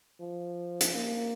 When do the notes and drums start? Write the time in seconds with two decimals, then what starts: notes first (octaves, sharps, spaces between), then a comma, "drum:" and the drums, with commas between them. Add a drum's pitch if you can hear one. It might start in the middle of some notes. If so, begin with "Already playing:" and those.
0.20 F3
0.81 drum: hi-hat
0.95 A#3